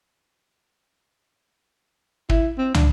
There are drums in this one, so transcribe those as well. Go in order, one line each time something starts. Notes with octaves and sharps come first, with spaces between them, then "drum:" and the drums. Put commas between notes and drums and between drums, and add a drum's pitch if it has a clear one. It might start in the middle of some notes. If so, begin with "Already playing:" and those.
E4, drum: kick
C4
D4, drum: tom